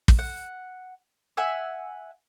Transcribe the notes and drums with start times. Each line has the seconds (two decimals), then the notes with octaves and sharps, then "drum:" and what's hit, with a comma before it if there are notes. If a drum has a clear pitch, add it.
0.08 drum: kick
0.19 F#5
1.37 E5 F#5 G#5 E6